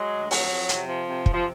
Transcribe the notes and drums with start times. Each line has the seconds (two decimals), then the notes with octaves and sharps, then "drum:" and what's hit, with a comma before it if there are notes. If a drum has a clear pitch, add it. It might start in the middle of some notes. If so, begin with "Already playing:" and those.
Already playing: F#3 G#3
0.13 D2
0.31 F2 F#3, drum: open hi-hat
0.50 F2
0.69 C3, drum: hi-hat
0.88 F2 F3
1.07 C3
1.26 C3, drum: kick
1.33 F3